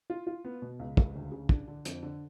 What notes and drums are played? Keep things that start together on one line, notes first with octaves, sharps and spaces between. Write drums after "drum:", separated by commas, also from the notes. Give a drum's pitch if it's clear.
F4
F4
B3
B2
C#2
C#2, drum: kick
D2
C#3
D4, drum: kick
D3
F2, drum: hi-hat
D3